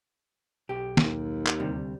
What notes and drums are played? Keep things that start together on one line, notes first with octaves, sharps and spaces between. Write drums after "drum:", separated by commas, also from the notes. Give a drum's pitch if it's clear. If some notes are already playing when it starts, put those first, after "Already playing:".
B1 G4
D#2, drum: snare
drum: clap
D2 C3 G3